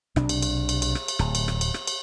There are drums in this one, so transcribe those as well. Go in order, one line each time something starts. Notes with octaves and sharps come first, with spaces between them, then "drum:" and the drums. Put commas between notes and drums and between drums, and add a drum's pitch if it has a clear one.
B1 C3 D4, drum: rim click
drum: cymbal
drum: cymbal
drum: cymbal
drum: cymbal
drum: rim click
drum: cymbal
D1, drum: rim click
drum: cymbal
drum: rim click
drum: cymbal
drum: rim click
drum: cymbal